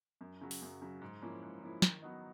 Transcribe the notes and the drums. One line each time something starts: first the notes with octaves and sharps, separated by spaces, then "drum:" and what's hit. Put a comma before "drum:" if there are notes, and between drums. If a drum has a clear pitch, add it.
F#2
C#3 F#3
drum: open hi-hat
F#2
C#3 F#3
G#2
F3 A#3 C#4 E4
G#2
F3 A#3 C#4 E4
D#3, drum: snare
F#3 B3 D#4